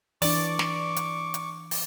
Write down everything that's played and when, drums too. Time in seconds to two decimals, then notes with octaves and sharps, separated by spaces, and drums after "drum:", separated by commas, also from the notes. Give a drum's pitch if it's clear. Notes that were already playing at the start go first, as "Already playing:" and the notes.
0.22 E3 D4 D5 C#6 D6, drum: open hi-hat
0.59 drum: snare
0.96 drum: hi-hat
1.34 drum: hi-hat
1.71 drum: open hi-hat